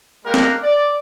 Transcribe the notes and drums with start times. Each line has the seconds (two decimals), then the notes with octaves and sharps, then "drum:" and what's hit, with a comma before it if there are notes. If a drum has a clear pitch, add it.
0.25 G#3 A#3 G4 A#4 F#5
0.34 drum: snare
0.63 D5